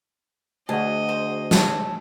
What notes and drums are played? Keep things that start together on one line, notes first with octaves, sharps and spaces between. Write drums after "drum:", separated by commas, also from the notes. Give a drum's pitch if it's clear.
D2 F#4 G#4 D#5
C5
A4 C#5 G#5, drum: snare